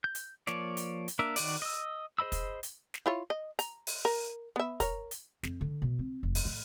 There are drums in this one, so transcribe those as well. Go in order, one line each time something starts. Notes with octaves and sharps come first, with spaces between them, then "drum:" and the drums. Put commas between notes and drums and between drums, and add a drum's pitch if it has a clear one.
G6
drum: hi-hat
F3 A#3 C#5 D5, drum: snare
drum: hi-hat
drum: hi-hat
A#3 D4 A#4 E5
D#3 F#4 D5, drum: open hi-hat
D#5 E6
G#4 C5 D#5 B5 E6
drum: kick, hi-hat
drum: hi-hat
drum: snare
E4 F4 C#5
D#5
A#5, drum: hi-hat
drum: open hi-hat
A#4
B3 E5
A#4 C#5, drum: kick, hi-hat
drum: hi-hat
F2, drum: snare
D3
B2
C4
F1
drum: open hi-hat
A2